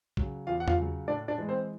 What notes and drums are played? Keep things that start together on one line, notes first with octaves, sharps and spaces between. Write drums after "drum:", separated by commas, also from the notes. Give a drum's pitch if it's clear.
C#3 F#3, drum: kick
E2 F4 F5
F#5
F4 F5, drum: tom E2
C#3 F#3
A2 D4 D5
D4 D5
E3 G#3
C4 C5